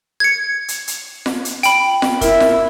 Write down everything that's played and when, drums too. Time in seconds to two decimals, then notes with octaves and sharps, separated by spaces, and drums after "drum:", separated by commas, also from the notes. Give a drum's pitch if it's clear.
0.20 G#6 C#7
0.68 drum: hi-hat
0.87 drum: hi-hat
1.26 drum: snare F4
1.45 drum: hi-hat
1.63 G5 B5, drum: hi-hat
2.02 drum: snare F4
2.21 E4 A#4 E5, drum: kick, hi-hat
2.40 drum: snare F4